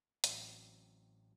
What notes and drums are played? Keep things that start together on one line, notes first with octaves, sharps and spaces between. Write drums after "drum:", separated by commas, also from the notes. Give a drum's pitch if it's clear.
A1 F#3 C4 D5 E5, drum: hi-hat